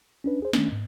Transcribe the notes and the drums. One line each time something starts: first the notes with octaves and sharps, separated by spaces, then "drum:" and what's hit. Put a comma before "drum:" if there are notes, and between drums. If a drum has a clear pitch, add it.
C#4 D4 B4
G#4 C5
D#3 A3 C#4 D4, drum: snare
G#2